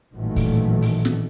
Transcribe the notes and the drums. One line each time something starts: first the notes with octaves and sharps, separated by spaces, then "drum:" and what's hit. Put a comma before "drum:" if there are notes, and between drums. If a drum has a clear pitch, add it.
A1 A#2 D#3 E3 F#3 A3
drum: kick, open hi-hat
drum: open hi-hat
drum: snare